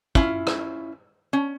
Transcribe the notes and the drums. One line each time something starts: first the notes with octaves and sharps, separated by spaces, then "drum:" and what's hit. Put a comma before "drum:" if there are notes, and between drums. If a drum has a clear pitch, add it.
C#4 E4 F4, drum: kick
drum: rim click
C#4